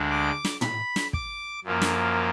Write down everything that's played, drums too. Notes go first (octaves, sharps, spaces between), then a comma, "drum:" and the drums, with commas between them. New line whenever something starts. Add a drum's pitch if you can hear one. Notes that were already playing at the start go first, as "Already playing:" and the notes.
Already playing: D2 D3 G#3
D6
drum: snare
B5, drum: tom
drum: snare
D6, drum: kick
F#2 F3 A#3
drum: snare